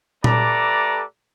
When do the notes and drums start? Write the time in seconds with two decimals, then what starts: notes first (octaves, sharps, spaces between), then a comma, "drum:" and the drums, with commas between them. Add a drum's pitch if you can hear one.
0.24 A3 G4 A4 B4 D5 A#5, drum: tom A#2